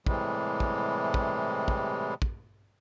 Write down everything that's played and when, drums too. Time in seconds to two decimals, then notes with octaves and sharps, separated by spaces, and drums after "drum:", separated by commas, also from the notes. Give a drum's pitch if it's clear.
0.06 A2 C3 E3 G3 G#3, drum: kick
0.60 drum: kick
1.14 drum: kick
1.68 drum: kick
2.22 drum: kick